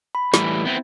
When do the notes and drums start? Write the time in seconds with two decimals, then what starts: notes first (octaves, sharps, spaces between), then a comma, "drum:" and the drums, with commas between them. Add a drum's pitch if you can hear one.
0.15 B5
0.34 A2 E3 G3, drum: snare
0.65 B3 C4 E4